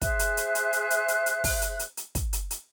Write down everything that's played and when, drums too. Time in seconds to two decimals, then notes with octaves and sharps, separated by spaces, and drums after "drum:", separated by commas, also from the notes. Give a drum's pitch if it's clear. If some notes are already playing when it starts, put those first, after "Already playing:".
0.02 G#4 C5 E5 F#6, drum: kick, hi-hat
0.19 drum: hi-hat
0.37 drum: hi-hat
0.55 drum: hi-hat
0.73 drum: hi-hat
0.90 drum: hi-hat
1.08 drum: hi-hat
1.26 drum: hi-hat
1.44 drum: kick, open hi-hat
1.62 drum: hi-hat
1.79 drum: hi-hat
1.97 drum: hi-hat
2.15 drum: kick, hi-hat
2.33 drum: hi-hat
2.51 drum: hi-hat